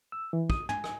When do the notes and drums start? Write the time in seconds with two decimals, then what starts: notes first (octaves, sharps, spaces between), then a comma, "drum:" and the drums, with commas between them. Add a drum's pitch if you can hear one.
0.12 E6
0.33 E3
0.50 D#6, drum: kick
0.69 G#5, drum: tom
0.84 drum: rim click